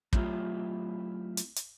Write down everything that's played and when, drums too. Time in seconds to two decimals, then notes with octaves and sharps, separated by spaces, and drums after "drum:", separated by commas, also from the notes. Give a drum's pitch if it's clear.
0.13 F#3 A3 C4 E4 F4 G4, drum: kick
1.37 drum: hi-hat
1.56 drum: hi-hat